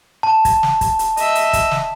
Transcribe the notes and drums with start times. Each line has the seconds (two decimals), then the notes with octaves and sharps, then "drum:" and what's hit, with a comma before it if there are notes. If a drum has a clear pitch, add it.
0.23 A5
0.45 drum: kick, hi-hat
0.63 drum: snare
0.81 drum: kick, hi-hat
0.99 drum: hi-hat
1.17 D#5 E5, drum: hi-hat
1.35 drum: hi-hat
1.53 drum: kick, hi-hat
1.71 drum: snare